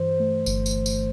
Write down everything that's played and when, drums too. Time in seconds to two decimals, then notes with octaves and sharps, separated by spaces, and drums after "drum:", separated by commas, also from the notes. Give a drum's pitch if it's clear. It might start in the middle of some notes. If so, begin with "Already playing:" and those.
Already playing: G2 E3 C5
0.20 A3
0.46 G1, drum: tambourine
0.66 drum: tambourine
0.86 drum: tambourine